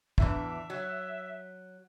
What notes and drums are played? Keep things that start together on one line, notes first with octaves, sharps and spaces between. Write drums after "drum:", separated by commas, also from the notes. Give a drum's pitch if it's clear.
E2 E3 D4 E5, drum: kick
F#3